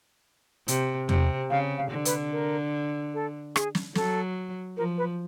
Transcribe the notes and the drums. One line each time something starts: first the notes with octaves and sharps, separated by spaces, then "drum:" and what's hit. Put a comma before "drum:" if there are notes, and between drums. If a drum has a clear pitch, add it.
C3, drum: hi-hat
C3, drum: tom E2
C#3 F5
F5
D3
B4, drum: hi-hat
A#4
A4
G#4, drum: rim click
drum: snare
F#3 A4, drum: snare
F3 A#4
B4